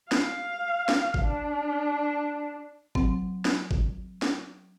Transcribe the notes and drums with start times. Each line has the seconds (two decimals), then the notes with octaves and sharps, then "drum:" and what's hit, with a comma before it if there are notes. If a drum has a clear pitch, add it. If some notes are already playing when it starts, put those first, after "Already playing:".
0.12 F5, drum: snare
0.89 drum: snare
1.14 drum: kick G1
1.23 D4
2.95 F#3 C4, drum: kick G1
3.45 drum: snare
3.71 drum: kick G1
4.22 drum: snare